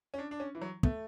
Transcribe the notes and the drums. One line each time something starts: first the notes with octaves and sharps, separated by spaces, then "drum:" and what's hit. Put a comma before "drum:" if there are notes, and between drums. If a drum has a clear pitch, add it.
C#4
D4
D4
C#4
E3
F#3
A3 B3, drum: kick